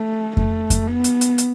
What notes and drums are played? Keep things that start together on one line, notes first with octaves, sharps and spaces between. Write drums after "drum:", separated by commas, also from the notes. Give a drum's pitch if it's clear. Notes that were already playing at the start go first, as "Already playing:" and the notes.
Already playing: A3
A3, drum: kick F2
drum: kick F2, hi-hat
B3
drum: hi-hat
drum: hi-hat
drum: hi-hat